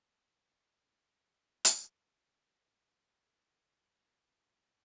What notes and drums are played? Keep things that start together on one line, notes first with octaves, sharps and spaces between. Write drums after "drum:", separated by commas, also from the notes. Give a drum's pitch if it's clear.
A3 C5 E5 F#5
drum: hi-hat
D#3
C5
F3
F#3
D5
D#4